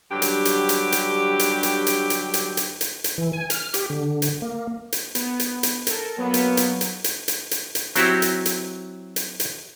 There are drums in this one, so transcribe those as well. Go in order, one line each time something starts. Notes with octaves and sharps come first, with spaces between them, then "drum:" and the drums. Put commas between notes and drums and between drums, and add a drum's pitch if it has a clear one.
G2 D3 F#3 G4
drum: hi-hat
drum: hi-hat
drum: hi-hat
drum: hi-hat
drum: hi-hat
drum: hi-hat
drum: hi-hat
drum: hi-hat
drum: hi-hat
drum: hi-hat
drum: hi-hat
drum: hi-hat
E3
G#5
F6, drum: hi-hat
G4, drum: hi-hat
D3
drum: hi-hat
A#3
drum: hi-hat
B3, drum: hi-hat
drum: hi-hat
drum: hi-hat
A4 A#4, drum: hi-hat
F#3 A#3 B3
drum: hi-hat
drum: hi-hat
drum: hi-hat
drum: hi-hat
drum: hi-hat
drum: hi-hat
drum: hi-hat
F#3 C4 E4 F#4 G4, drum: hi-hat
drum: hi-hat
drum: hi-hat
drum: hi-hat
drum: hi-hat